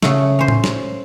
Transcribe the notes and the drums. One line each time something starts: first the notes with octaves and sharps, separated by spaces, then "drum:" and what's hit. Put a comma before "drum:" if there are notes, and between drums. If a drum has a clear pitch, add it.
C#3 A3, drum: snare
C#4 C5
drum: tom A2
drum: snare